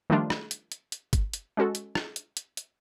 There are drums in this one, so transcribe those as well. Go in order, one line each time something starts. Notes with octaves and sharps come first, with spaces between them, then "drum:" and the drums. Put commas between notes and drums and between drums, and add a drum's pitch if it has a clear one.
D#3 F3 G3 A3 D4 F4
drum: rim click
drum: hi-hat
drum: hi-hat
drum: hi-hat
drum: kick, hi-hat
drum: hi-hat
G#3 C#4 F#4 A4
drum: hi-hat
drum: rim click
drum: hi-hat
drum: hi-hat
drum: hi-hat